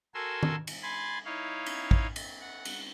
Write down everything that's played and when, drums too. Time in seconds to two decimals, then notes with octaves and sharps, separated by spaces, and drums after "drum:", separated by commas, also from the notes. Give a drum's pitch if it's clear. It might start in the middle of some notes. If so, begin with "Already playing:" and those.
0.14 F#4 A4 A#4 G#5 C6 E6
0.43 drum: tom D#3
0.67 drum: cymbal
0.83 G#5 B5 C6 A6
1.25 D#4 E4 C#5 F5
1.66 drum: cymbal
1.91 drum: kick A1
2.16 drum: cymbal
2.41 F#5
2.65 drum: cymbal